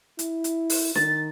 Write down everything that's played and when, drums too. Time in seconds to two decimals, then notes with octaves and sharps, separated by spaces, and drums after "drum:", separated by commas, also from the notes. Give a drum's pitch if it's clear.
0.19 E4, drum: hi-hat
0.44 drum: hi-hat
0.70 drum: open hi-hat
0.95 D#3 A6, drum: snare